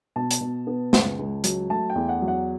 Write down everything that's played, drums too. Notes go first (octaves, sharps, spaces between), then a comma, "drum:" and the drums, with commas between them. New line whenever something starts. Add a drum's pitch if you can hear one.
B2 A5
drum: hi-hat
B2
B3
C#2, drum: snare
C#2
F#3, drum: hi-hat
A3 A5
G5
E2
F#5
F#3
F#5